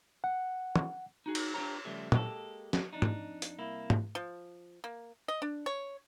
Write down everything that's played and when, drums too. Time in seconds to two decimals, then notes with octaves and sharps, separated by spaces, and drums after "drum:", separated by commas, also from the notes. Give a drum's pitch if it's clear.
0.24 F#5
0.76 drum: tom
1.26 D#4 F#4 G#4
1.35 drum: cymbal
1.54 D4 F4 G4 C#5 A#5
1.85 C#3 F3 G3 A3
2.12 G#3 A#3 D#4 E4 G4 A4, drum: tom
2.73 drum: snare
2.93 F2 D4 D#4
3.02 drum: tom
3.42 drum: hi-hat
3.58 C2 A#3 E4
3.90 drum: tom
4.15 F3
4.84 A#3
5.28 D#5
5.42 D4
5.66 C#5